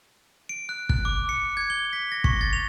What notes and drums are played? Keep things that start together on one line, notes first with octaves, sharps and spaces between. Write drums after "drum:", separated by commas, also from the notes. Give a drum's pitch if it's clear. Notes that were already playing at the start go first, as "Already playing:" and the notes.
D7
F#6
F#6, drum: kick
D6
C#7
G#6
G7
B6
A#6
C#6, drum: kick
A6
F7